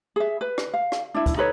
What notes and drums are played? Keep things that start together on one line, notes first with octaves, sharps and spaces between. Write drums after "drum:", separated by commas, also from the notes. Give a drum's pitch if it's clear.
G#4 E5
B4
drum: rim click
F5
drum: rim click
D4 E4
drum: kick C#2, hi-hat
D#4 A4 B4 C#5